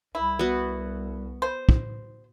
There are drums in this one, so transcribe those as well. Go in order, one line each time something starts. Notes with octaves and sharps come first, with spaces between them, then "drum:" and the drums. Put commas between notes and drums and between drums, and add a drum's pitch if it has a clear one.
C2 E4
B3 F#4
C5
drum: kick